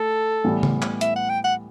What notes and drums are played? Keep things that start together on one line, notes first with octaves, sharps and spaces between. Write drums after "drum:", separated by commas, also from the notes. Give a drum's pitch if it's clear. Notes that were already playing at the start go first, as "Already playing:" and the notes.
Already playing: A3 A4
A2 E3 G3 B3
drum: tom C#3
drum: clap
E5, drum: hi-hat
F#5
G5
F#5